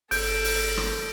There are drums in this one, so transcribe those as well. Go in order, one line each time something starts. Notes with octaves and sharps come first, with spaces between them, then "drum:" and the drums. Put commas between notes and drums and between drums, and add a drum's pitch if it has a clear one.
G1 A4 G6 D7, drum: open hi-hat
drum: open hi-hat
drum: rim click